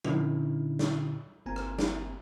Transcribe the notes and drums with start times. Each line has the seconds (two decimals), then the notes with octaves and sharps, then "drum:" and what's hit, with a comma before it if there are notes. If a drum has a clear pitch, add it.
0.04 A#2 D3 C#4 D#4 E4, drum: tom F3
0.79 drum: snare
1.46 G1 A#3 C4 G#5 A#5
1.56 drum: rim click
1.79 drum: snare